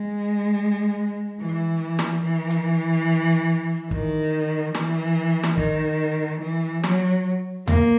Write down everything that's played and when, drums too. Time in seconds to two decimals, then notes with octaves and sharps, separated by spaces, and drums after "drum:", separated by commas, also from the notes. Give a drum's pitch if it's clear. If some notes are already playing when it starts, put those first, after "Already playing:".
Already playing: G#3
1.40 E3
1.99 drum: snare
2.23 E3
2.51 drum: hi-hat
3.91 D#3, drum: kick
4.75 E3, drum: snare
5.44 drum: snare
5.58 D#3, drum: kick
6.41 E3
6.84 F#3, drum: snare
7.67 A#3, drum: tom D#2